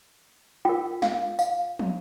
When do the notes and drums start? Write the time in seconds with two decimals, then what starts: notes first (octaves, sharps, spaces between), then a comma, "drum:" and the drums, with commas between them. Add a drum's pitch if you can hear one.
0.65 F4 A#4 G5
1.02 F5, drum: snare
1.39 F5, drum: tambourine
1.79 drum: tom